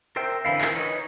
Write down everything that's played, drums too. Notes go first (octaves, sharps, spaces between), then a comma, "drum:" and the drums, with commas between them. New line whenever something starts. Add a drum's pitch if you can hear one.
A#4 C5 E5 G5
D3 E3 E4 F5
E3 A#4, drum: clap
D#4 B4 C#5